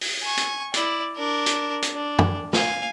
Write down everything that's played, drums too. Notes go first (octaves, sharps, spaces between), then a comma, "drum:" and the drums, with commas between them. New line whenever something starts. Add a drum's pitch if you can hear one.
drum: open hi-hat
G#5 C#6
drum: hi-hat
E4 D5, drum: hi-hat
D4 A#4
drum: hi-hat
drum: hi-hat
D4
drum: tom
F5 G#5, drum: snare